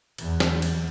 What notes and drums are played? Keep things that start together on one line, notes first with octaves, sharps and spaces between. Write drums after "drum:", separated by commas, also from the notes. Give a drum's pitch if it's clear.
E2, drum: cymbal
drum: snare
drum: cymbal